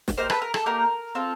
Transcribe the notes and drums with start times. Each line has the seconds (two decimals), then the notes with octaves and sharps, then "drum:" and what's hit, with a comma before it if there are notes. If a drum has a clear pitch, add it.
0.08 drum: snare
0.17 A#3 D#4 G4 A#4 C5
0.30 A4 B4, drum: rim click
0.42 A#4
0.54 A4, drum: rim click
0.66 A#3 D#4 G4 A#4
1.15 C4 F4 A4